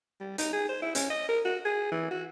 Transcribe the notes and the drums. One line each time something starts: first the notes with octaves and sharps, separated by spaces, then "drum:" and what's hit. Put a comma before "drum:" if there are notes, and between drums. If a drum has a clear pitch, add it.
G3
D#4, drum: hi-hat
G#4
C5
E4
C#4, drum: hi-hat
D#5
A#4
F#4
G#4
E3
F#4